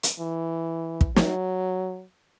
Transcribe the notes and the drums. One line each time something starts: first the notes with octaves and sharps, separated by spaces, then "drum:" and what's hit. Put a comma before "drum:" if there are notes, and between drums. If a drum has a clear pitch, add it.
drum: hi-hat
E3
drum: kick
F#3, drum: snare